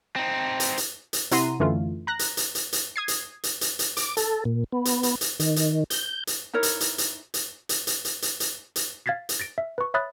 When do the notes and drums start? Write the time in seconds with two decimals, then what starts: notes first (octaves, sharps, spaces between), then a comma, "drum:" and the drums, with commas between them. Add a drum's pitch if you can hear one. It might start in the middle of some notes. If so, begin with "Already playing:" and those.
0.16 C4 D#4
0.60 drum: hi-hat
0.77 drum: hi-hat
1.13 drum: hi-hat
1.31 C3 E4 F#5 A#5 C6 D#7, drum: hi-hat
1.60 F#2 D3 E3 A3 F4
2.07 A#5 F#6 A#6
2.19 drum: hi-hat
2.37 drum: hi-hat
2.55 drum: hi-hat
2.73 drum: hi-hat
2.96 D#6 G#6 C7
3.08 drum: hi-hat
3.43 drum: hi-hat
3.61 drum: hi-hat
3.79 drum: hi-hat
3.97 D6, drum: hi-hat
4.17 A4, drum: hi-hat
4.45 A#2
4.72 B3
4.85 drum: hi-hat
5.03 drum: hi-hat
5.21 drum: hi-hat
5.40 D#3, drum: hi-hat
5.56 drum: hi-hat
5.90 G6, drum: hi-hat
6.27 drum: hi-hat
6.53 D#4 E4 A#4 C#5
6.63 drum: hi-hat
6.80 drum: hi-hat
6.98 drum: hi-hat
7.34 drum: hi-hat
7.69 drum: hi-hat
7.87 drum: hi-hat
8.05 drum: hi-hat
8.22 drum: hi-hat
8.40 drum: hi-hat
8.76 drum: hi-hat
9.06 F5 G#6 A6 B6 C7
9.29 drum: hi-hat
9.40 A6 A#6 D7
9.58 E5
9.78 B4 C#6
9.94 C#5 E5 B5 D#6 F#6 A6